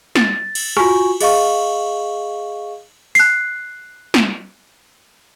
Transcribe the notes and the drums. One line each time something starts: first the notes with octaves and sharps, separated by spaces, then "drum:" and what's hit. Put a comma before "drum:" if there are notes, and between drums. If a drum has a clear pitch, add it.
A6, drum: snare
drum: cymbal
F4 F#4 G#5 C#6, drum: rim click
G#4 D#5 F5 C#6, drum: cymbal
F#6 C7, drum: open hi-hat
drum: snare